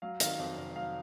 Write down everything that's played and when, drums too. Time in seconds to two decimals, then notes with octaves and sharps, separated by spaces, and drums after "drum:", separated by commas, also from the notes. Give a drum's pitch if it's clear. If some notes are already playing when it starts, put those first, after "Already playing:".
0.02 F#3 F5
0.20 D#3 F5, drum: hi-hat
0.39 F2
0.57 F1
0.76 F#3 F5